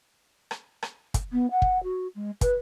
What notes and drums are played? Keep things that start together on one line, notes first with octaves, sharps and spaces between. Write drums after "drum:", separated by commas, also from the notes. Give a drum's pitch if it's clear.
drum: rim click
drum: rim click
drum: kick, hi-hat
B3
F#5
drum: kick
F#4
G#3
B4, drum: kick, hi-hat